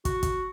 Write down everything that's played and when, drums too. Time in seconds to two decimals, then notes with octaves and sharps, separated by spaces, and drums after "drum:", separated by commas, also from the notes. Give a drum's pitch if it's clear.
0.05 F#4, drum: kick, hi-hat
0.23 drum: kick, hi-hat